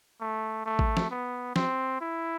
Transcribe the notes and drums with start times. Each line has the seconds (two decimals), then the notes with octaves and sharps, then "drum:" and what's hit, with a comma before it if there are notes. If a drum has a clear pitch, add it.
0.21 A3
0.66 A3
0.79 drum: kick A1
0.97 drum: snare
1.11 B3
1.56 C4, drum: snare
2.01 E4